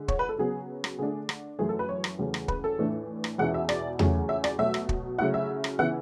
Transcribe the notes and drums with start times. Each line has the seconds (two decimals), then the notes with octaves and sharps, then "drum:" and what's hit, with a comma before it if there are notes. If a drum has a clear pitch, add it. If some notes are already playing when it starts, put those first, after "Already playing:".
Already playing: D3 G#3
0.08 C#5, drum: kick
0.19 B4
0.29 A4
0.38 C#3 F#3 B3 G#4
0.84 drum: rim click
0.99 D3 A3 D4 G#4
1.29 drum: rim click
1.59 F#2 E3 A3 G#4
1.69 A4
1.79 B4
1.89 C#5
2.04 drum: rim click
2.19 E2 C#3 F#3 A3
2.34 drum: rim click
2.48 B4, drum: kick
2.64 A4
2.79 A2 E3 A3 D4
3.24 drum: rim click
3.38 E2 B2 G#3 C#4 E4 F#5
3.54 E5
3.69 D5, drum: rim click
3.99 E2 C#3 F#3 A3 C#4, drum: tom E2
4.29 E5
4.44 D5, drum: rim click
4.59 B2 F#3 A3 E5
4.74 drum: rim click
4.89 drum: kick
5.18 C#3 F#3 A3 E4 F#5
5.34 E5
5.64 drum: rim click
5.79 C#3 E3 B3 E4 F#5